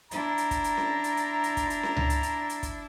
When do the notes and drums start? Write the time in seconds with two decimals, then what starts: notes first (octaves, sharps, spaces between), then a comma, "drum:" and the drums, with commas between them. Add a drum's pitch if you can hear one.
0.11 D4 E4 A#5, drum: hi-hat
0.38 drum: hi-hat
0.51 drum: kick, hi-hat
0.64 drum: hi-hat
0.77 drum: snare C#4
1.04 drum: hi-hat
1.17 drum: hi-hat
1.44 drum: hi-hat
1.57 drum: kick, hi-hat
1.70 drum: hi-hat
1.83 drum: snare C#4
1.97 drum: tom C#2
2.10 drum: hi-hat
2.23 drum: hi-hat
2.49 drum: hi-hat
2.63 drum: kick, hi-hat